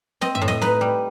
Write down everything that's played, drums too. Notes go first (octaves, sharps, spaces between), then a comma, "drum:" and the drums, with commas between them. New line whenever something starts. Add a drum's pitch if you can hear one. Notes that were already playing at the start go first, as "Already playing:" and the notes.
C4 D#5, drum: snare
E5, drum: tom F#2
A2
D#5, drum: snare
D#4 B4, drum: snare
G3